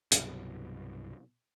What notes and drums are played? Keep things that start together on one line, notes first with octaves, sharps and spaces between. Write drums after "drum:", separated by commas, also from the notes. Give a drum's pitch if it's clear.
C2 G2 B2 F#3, drum: hi-hat